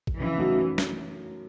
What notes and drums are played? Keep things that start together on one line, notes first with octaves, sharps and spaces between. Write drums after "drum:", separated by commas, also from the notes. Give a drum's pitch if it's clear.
drum: kick A1
C#3 E3
F#3 A3 D#4 F#4
F#2
drum: snare